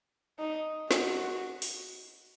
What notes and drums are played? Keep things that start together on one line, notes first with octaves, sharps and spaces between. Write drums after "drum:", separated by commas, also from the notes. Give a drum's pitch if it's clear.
D#4
F#4, drum: snare
drum: open hi-hat